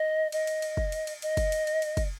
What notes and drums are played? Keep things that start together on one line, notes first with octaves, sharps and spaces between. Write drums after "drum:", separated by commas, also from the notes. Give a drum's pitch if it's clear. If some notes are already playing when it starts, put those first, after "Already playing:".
Already playing: D#5
D#5, drum: cymbal
drum: cymbal
drum: cymbal
drum: kick
drum: cymbal
drum: cymbal
D#5, drum: cymbal
drum: kick, cymbal
drum: cymbal
drum: cymbal
drum: cymbal
drum: kick, cymbal